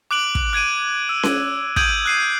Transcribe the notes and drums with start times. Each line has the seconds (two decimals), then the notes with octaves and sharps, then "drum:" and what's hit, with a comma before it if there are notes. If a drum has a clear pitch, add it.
0.11 D6 F#6 D7 F#7
0.35 drum: kick
0.53 F#6 G#6 D7 D#7
1.09 E6
1.23 drum: snare C#4
1.76 D#6 G6 G#6 D7 D#7 F#7, drum: kick
2.06 F#6 C7 D#7